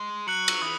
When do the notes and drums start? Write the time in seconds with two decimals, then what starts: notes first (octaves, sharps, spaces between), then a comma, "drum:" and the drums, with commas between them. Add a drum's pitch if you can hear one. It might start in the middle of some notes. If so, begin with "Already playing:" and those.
Already playing: G#3
0.27 F#3 F#6 C#7 F#7
0.48 drum: cymbal
0.62 E3 D#6